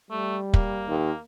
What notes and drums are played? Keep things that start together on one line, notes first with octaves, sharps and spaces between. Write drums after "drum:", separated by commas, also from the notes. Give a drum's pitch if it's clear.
G3 A3
A#3, drum: kick
D#2